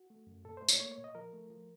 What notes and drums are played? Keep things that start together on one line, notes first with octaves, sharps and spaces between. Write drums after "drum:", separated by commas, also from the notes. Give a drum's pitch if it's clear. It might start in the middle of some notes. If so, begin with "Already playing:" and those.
Already playing: F#4
A3
F#2
A#2 A4
C5
A3
C#5, drum: tambourine
A#3 C#5
C#5
A#2
D#5
F3 A#4
A3
F3